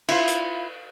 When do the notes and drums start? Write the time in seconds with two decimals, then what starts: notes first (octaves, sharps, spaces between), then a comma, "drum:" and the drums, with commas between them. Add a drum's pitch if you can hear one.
0.09 E4 F4, drum: cymbal
0.28 drum: hi-hat